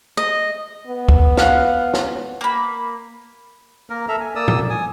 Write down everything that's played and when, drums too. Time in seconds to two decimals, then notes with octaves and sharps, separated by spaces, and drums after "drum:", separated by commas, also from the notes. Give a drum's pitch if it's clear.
0.17 D#5
0.87 B3
1.09 drum: kick
1.37 F5 F#5, drum: snare
1.94 drum: snare
2.41 A#3 B5
3.90 A#3 A#4
4.08 A4 E5 A#5
4.20 G#5
4.35 A#3 D5 D#6 E6
4.48 drum: tom A#2
4.70 G#5 D#6